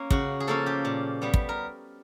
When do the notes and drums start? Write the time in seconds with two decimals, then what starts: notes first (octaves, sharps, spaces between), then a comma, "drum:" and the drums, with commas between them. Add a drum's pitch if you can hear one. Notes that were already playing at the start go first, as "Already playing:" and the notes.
Already playing: A#3 C#4
0.11 C#3 F#4, drum: kick
0.40 G#4
0.47 F3 A#3 C#4 A4
0.66 G4
0.85 A#2
1.22 G3 B3
1.34 drum: kick
1.49 A#4